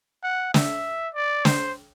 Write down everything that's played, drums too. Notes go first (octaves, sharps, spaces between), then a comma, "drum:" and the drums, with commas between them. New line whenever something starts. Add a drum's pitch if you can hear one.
F#5
E5, drum: snare
D5
C5, drum: snare